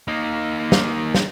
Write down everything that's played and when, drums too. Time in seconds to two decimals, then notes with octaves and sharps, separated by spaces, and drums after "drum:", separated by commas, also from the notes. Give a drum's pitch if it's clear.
0.08 A#3 D#4
0.72 drum: snare
1.15 drum: snare